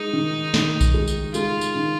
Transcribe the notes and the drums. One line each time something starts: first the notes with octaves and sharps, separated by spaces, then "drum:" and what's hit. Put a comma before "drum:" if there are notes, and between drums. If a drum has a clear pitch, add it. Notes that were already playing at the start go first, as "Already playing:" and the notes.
Already playing: G#3 D#4
D#3
D#3, drum: snare
drum: kick A#1, tambourine
G#3
drum: tambourine
G#3 F4, drum: tambourine
drum: tambourine
D#3